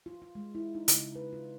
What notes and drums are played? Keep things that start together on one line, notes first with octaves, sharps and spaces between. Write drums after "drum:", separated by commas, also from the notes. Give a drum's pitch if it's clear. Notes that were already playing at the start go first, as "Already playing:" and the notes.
F4
F4
G#3
E4
D#4
C#3, drum: hi-hat
B4
F4